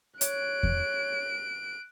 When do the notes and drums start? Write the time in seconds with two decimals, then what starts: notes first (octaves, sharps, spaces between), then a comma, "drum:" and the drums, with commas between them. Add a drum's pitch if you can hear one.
0.21 C#5 F#6 D7, drum: hi-hat
0.63 drum: kick E2